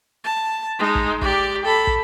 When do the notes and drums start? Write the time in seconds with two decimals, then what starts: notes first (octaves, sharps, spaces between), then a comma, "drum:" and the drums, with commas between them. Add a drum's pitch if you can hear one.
0.24 A5
0.79 G#3 D#4
0.95 drum: kick
1.21 G4 D5, drum: kick
1.65 A4 B5
1.87 drum: kick